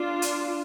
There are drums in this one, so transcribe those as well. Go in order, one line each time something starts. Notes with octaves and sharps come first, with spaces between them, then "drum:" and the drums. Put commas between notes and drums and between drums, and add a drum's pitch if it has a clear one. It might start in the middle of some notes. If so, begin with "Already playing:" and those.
Already playing: D4 F4
drum: hi-hat